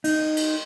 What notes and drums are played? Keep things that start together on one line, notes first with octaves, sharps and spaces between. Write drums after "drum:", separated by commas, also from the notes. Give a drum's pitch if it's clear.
D#4, drum: cymbal
drum: cymbal